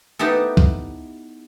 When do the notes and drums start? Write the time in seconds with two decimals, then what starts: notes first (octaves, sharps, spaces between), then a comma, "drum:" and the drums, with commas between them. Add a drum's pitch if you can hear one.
0.19 B3 D#4 E4 G4 A4
0.57 drum: kick C2